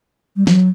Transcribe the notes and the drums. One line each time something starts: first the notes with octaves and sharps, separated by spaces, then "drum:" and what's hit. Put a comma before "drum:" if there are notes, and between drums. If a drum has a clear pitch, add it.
G3
F#3, drum: snare